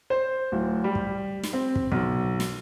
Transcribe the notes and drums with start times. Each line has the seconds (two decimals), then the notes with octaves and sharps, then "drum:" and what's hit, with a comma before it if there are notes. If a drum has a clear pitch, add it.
0.10 C5
0.52 D1
0.84 G3
0.95 drum: kick
1.43 drum: snare
1.53 C4
1.76 drum: kick
1.92 B1, drum: kick
2.40 drum: snare